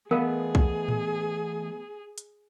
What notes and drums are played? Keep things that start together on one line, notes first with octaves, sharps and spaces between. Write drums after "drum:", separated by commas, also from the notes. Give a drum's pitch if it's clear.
E3 A3 B3 G#4 A#4 D#5 F5
drum: kick
drum: tom A2
drum: hi-hat